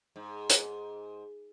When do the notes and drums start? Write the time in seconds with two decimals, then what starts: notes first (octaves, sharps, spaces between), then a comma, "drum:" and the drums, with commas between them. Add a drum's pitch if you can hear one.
0.16 G#2
0.50 drum: hi-hat